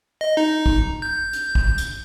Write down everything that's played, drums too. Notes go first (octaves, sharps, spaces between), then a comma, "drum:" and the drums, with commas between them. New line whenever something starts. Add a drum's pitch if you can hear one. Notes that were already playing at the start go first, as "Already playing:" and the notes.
D#5
D#4
drum: kick
G6
drum: hi-hat
drum: kick
drum: hi-hat